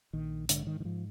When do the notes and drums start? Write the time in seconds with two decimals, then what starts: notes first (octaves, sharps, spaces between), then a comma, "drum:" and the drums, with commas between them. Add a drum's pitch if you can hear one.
0.13 A#1 D#3
0.49 G#2 D3, drum: hi-hat
0.67 D#3
0.80 D#3
0.85 G#2 F3